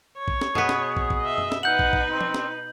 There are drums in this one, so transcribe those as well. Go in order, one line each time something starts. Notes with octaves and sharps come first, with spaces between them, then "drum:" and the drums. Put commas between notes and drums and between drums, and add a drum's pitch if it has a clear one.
C#5
drum: kick
drum: snare
B2 B3 G#4, drum: tom F#2
drum: snare
drum: kick
drum: kick
D#5 E5
drum: tom F#2
drum: snare
D#4 B4 F#5 G6 F#7
drum: kick
drum: kick
C4
drum: tom
drum: snare